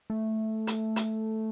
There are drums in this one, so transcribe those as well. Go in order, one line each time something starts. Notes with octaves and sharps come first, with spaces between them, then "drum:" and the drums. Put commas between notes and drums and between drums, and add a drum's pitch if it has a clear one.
A3
drum: hi-hat
drum: hi-hat